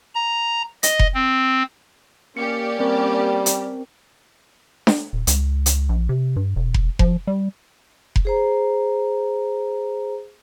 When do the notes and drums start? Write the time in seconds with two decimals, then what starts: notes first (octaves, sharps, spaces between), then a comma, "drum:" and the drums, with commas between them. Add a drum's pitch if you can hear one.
0.15 A#5
0.83 D#5, drum: hi-hat
0.99 drum: kick F1
1.15 C4
2.37 A#3 C#4 G4 D5 C#7
2.80 G3 A#3 C4 A#4
3.46 drum: hi-hat
4.87 drum: snare D4
5.13 D#1
5.27 C#2, drum: hi-hat
5.66 drum: hi-hat
5.89 A#1
6.09 C3
6.36 G2
6.56 E1
6.74 drum: kick F1
6.99 F3, drum: kick F1
7.27 G3
8.16 drum: kick F1
8.25 G#4 C5 A#5